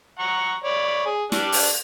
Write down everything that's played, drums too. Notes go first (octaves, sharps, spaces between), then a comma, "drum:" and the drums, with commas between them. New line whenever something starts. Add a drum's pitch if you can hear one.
F#5 A#5 C#6
C#5 D5 B5
G#4
G3 D4, drum: snare
drum: open hi-hat